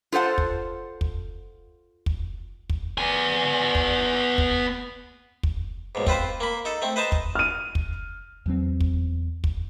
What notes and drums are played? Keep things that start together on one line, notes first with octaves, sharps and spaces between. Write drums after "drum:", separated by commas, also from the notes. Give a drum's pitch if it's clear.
F4 A4 C5 F#5 A5
drum: kick
drum: kick
drum: kick
drum: kick
B3 G#5
drum: kick
drum: kick
drum: kick
B1 G#2
C4 F4 B4 C5, drum: kick
A#3 B5
D#4 A4
A3 C4
B4 C5 D#5 A5 A#5
drum: kick
F6 D#7
drum: kick
E2 F#3 C4
drum: kick
drum: kick